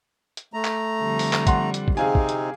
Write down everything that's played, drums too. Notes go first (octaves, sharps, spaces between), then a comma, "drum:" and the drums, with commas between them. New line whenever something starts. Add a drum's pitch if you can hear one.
drum: hi-hat
A3 A#5
drum: clap
F2 D3 G3
drum: open hi-hat
drum: clap
F#5 C6, drum: kick, hi-hat
drum: hi-hat
drum: kick
C3 C4 D#4 G4 G#4 F5 G#5
drum: kick
drum: hi-hat